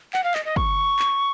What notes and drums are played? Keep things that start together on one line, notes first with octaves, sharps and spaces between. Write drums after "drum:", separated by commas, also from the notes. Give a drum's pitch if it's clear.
F#5, drum: clap
F5
D#5, drum: clap
D#5
C#6, drum: kick
drum: clap